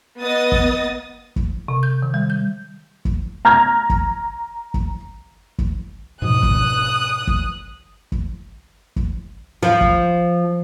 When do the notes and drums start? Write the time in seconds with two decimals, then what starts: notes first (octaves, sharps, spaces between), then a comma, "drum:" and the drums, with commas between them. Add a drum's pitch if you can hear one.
0.20 B3 D#5 D#6 A6
0.52 drum: kick
1.36 drum: kick
1.68 C3
1.83 G6
2.02 D#3
2.14 G3
2.30 G6
3.05 drum: kick
3.45 A#5 F6 G#6
3.90 drum: kick
4.74 drum: kick
5.59 drum: kick
6.22 G#2 B2 F3 D#6 F#6
6.43 drum: kick
7.27 drum: kick
8.12 drum: kick
8.96 drum: kick
9.63 F3
9.81 drum: kick